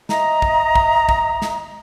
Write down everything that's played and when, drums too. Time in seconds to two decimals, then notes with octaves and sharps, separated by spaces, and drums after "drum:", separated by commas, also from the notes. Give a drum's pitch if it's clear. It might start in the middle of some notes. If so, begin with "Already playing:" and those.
0.09 D#5 E5 A#5 D#6, drum: snare
0.42 drum: kick
0.75 drum: kick
1.09 drum: kick
1.42 drum: snare